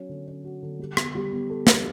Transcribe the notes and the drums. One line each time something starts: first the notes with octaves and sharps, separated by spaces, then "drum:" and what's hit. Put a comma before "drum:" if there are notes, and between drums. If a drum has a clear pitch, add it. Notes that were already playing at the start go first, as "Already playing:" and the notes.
Already playing: F#3 C#4
D3
C#4
F#4
D3
G3
B3, drum: rim click
G3
B3
A4
D4, drum: snare